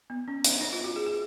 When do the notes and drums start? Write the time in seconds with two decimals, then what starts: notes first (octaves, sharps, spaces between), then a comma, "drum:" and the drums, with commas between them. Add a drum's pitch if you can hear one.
0.10 B3
0.28 C#4
0.44 drum: hi-hat
0.61 D#4
0.73 F4
0.84 F#4
0.96 G#4
1.06 G#4